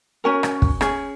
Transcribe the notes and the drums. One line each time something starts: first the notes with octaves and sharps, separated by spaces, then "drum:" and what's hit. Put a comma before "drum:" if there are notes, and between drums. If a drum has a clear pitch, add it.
C#4 F#4 A#4 G#5
drum: rim click
drum: kick
C#4 G#4, drum: rim click